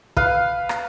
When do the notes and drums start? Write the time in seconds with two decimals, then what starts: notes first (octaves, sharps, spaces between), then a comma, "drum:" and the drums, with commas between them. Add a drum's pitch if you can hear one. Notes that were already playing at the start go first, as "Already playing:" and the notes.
0.17 B4 F5, drum: kick
0.69 drum: rim click